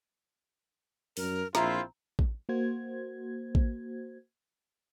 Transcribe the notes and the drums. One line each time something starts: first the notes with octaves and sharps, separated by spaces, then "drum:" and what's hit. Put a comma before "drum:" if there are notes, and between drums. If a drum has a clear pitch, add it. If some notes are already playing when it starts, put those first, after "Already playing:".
F#2 A#4, drum: open hi-hat
A#1 C4 E4 F4 E5 A#5, drum: snare
drum: kick A1
A#3 F#4 C5 G#6
drum: kick A1